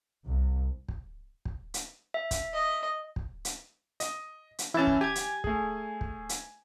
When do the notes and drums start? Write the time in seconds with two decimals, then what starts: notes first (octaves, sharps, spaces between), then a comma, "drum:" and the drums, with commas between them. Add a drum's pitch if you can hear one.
0.24 C2
0.88 drum: kick
1.45 drum: kick
1.74 drum: hi-hat
2.14 E5
2.31 drum: kick, hi-hat
2.54 D#5
3.16 drum: kick
3.45 drum: hi-hat
4.00 D#5, drum: hi-hat
4.59 drum: hi-hat
4.74 E3 C#4 E4 A5
4.87 drum: kick
5.01 G4 G#5 G#6
5.15 drum: hi-hat
5.44 A3 G#4, drum: kick
6.01 drum: kick
6.29 drum: hi-hat